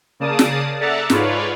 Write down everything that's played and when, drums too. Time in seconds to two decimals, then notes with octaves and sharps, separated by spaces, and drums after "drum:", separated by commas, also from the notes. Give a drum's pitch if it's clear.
0.20 C#3 A#3 D5 A5 D#6
0.39 drum: snare
0.80 A4 D5 E5 F#5 A5 A#5
1.10 G#2 F4 B4 C#5 D5, drum: snare